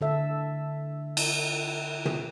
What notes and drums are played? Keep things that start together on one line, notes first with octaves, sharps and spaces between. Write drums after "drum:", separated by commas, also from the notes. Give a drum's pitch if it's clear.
D3 A4 E5
drum: cymbal
drum: tom